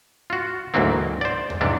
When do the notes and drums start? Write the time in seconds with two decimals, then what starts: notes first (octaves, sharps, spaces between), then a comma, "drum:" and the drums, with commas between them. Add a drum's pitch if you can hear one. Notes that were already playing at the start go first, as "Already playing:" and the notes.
0.30 F4 F#4
0.74 D2 G#2 E3 F#3 A#3 C4
1.21 C5 D5
1.50 drum: tom E2
1.61 G#2 C3 E3 D4